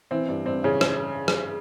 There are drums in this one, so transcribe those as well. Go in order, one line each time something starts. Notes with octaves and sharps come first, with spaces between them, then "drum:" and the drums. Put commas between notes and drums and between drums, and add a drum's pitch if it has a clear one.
E3 C4
G2
G2 C4
C#3 E3 C#4
drum: rim click
drum: rim click